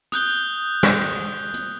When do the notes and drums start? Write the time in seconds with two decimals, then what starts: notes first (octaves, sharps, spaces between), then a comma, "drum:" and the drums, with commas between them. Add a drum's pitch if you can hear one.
0.12 D#6 F#6 G6 G7, drum: hi-hat
0.83 drum: snare
1.54 drum: hi-hat